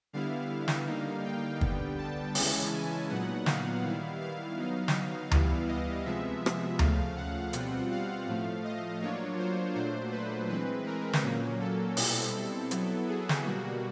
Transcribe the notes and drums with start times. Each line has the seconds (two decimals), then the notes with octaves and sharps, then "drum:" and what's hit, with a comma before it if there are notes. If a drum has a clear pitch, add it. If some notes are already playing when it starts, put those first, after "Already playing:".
0.13 D3 G3 B3 E4 F5
0.68 drum: snare
0.87 D3 G3 A#3 D#4
1.25 G5
1.61 D3 G3 B3, drum: kick
1.98 A5
2.35 C#3 E3 G#3 C#4 E4, drum: open hi-hat
2.72 G#5
3.10 A#2 F#3 B3 D#4 F#5
3.46 F5, drum: snare
3.83 D#3 G3 B3 E4
4.20 F5
4.58 F#3 B3 D#4
4.88 drum: snare
5.31 E3 G3 B3 E4, drum: tom D2
5.68 D#5
6.05 C3 F3 G#3 B3 E5
6.46 drum: rim click
6.79 C#3 F3 A3 F5, drum: tom D2
7.16 F#5
7.53 B2 G3 C4 F4, drum: hi-hat
7.91 F5
8.27 A2 F3 A3
8.64 D#5
9.01 F#3 A#3 D4 F4 C#5
9.38 C5
9.75 A#2 F#3 A3 D4 C5
10.12 B4
10.49 E3 G#3 C4 B4
10.86 A#4
11.13 drum: snare
11.23 A#2 F#3 A#3 C#4
11.60 A4
11.97 B2 G3 C4 E4, drum: open hi-hat
12.34 A4
12.71 F#3 B3 E4, drum: hi-hat
13.08 G#4
13.29 drum: snare
13.45 B2 G3 A#3 F#4